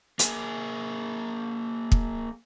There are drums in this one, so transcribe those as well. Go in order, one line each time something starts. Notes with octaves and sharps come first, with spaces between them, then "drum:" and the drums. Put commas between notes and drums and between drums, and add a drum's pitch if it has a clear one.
A#3 G#4, drum: hi-hat
drum: kick